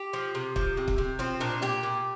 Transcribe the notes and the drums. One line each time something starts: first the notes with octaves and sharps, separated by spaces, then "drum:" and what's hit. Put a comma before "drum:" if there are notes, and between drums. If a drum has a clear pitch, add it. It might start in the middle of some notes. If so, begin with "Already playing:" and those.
Already playing: G4
F3
C3
F3, drum: kick
C3
drum: kick
C3
F3 C4
A#2 D4
A#2 G4
A#2